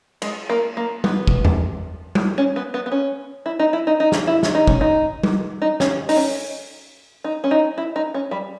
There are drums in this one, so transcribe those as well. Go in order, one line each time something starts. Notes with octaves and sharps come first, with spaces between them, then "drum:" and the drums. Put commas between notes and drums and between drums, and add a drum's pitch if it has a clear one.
G#3, drum: cymbal
A#3
A#3
B3, drum: tom G3
drum: kick
drum: tom E2
drum: tom G3
C#4
B3
B3
B3
C#4
E4
D#4
E4
D#4
D#4
drum: snare
E4
drum: snare
D#4
C#4, drum: kick
D#4
drum: tom G3
D#4
C#4, drum: snare
D#4, drum: open hi-hat
C#4
D#4
C#4
D#4
E4
D#4
C#4
G3